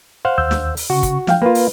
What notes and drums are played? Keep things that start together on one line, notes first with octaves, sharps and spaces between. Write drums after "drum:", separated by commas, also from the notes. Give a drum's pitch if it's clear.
C5 F5 F#5
D#2 E6 G6
drum: snare
drum: open hi-hat
C#3 F#4 C#6
drum: kick, hi-hat
F3 F5 G5, drum: snare
A#3 F4 B4
drum: open hi-hat